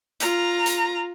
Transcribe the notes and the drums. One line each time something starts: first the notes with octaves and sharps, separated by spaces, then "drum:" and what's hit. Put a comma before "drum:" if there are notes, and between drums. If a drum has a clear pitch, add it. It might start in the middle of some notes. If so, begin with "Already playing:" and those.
F4 A#5, drum: hi-hat
drum: hi-hat